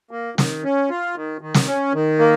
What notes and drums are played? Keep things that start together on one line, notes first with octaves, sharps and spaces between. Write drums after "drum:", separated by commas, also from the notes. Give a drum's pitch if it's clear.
A#3
D#3, drum: snare
C#4
F4
D#3
D#3
drum: snare
C#4
D#3
A#3